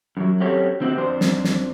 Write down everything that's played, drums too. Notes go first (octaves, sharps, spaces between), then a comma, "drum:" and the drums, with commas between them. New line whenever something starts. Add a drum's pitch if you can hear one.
F#2 F#3
F#3 C4 C#4 G4 A4 C#5
D3 C4 F#4 G4
F2 D4 C5
drum: snare
drum: snare